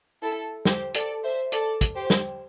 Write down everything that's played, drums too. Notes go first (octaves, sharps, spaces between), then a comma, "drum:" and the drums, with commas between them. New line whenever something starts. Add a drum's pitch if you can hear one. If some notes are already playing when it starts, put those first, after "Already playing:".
E4 A4
G4 C5, drum: snare
A4 D5, drum: hi-hat
C5 E5
A4 D5, drum: hi-hat
drum: kick, hi-hat
G4 C5
drum: snare